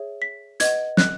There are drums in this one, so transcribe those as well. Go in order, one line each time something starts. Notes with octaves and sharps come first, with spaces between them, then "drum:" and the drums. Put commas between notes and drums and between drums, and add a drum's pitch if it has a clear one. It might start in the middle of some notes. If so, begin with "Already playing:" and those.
Already playing: G#4 C#5 E5
B6
B4 D#5 F#5 G#6, drum: hi-hat
F#6, drum: snare